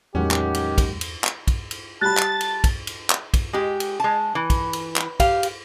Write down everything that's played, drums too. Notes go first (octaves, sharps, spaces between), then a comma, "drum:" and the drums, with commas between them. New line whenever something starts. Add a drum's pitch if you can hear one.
E2 A2 D#3 F#3 G#3 C#4 G4 F#5
drum: clap
drum: cymbal
drum: kick, cymbal
drum: cymbal
drum: clap
drum: kick, cymbal
drum: cymbal
G3 A5 B5 F#6 A6
drum: clap
drum: cymbal
drum: kick, cymbal
drum: cymbal
drum: clap
drum: kick, cymbal
G#3 G4
drum: cymbal
G#3 A5
E3
drum: kick, cymbal
drum: cymbal
drum: clap
G4 F5, drum: kick, cymbal
drum: cymbal